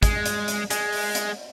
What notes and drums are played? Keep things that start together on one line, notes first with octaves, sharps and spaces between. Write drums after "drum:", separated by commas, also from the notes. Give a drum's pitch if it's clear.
G#3, drum: kick, hi-hat
drum: hi-hat
drum: hi-hat
G#3, drum: hi-hat
drum: open hi-hat
drum: hi-hat